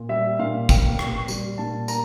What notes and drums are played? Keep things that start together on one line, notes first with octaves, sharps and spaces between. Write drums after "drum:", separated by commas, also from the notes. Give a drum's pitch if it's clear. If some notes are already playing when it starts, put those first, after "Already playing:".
Already playing: A#2
G3 E5
A#2 F5
A#3 G5, drum: kick, tambourine
A#2, drum: rim click
G3, drum: tambourine
A#2 A5
A#3 A#5, drum: tambourine